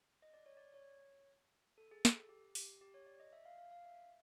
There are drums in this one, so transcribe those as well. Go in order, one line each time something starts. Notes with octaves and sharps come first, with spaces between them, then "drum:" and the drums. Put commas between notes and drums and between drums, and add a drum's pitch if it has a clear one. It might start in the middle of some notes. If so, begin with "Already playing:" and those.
D#5
D5
C#5
D5
C#5
A4
G#4
A4, drum: snare
G4
G4, drum: open hi-hat
G4
C#5
D5
D#5
E5
F5
F5
F5
E5